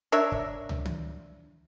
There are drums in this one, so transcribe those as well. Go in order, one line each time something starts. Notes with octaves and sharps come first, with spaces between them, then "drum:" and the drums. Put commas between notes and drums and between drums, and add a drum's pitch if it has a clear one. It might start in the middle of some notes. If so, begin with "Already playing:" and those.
D4 A#4 C#5 E5
drum: kick
drum: tom
drum: tom D#3